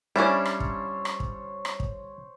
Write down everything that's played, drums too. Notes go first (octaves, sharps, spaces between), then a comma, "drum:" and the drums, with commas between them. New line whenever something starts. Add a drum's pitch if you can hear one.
G3 C#4 D4 E4 C5 C#5 E6
drum: rim click
drum: kick
drum: rim click
drum: kick
drum: rim click
drum: kick